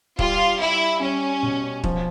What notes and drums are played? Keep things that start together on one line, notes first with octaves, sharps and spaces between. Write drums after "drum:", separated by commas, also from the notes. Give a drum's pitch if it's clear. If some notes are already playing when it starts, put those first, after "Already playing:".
G3 F4, drum: kick
G3 E4
G3 C#4
B2
F3, drum: kick